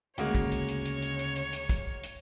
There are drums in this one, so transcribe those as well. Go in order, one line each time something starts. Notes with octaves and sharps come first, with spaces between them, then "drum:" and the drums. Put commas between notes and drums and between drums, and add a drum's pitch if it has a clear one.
D2 C#3 G#3 A#3 F#4 C#5, drum: hi-hat
drum: kick, hi-hat
drum: hi-hat
drum: hi-hat
drum: hi-hat
drum: hi-hat
drum: hi-hat
drum: hi-hat
drum: hi-hat
drum: kick, hi-hat
drum: hi-hat